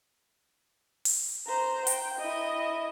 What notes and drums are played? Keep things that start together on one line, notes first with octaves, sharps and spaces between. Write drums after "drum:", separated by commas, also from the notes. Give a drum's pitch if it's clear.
drum: open hi-hat
C5 A#5
G5, drum: hi-hat
E4 D#5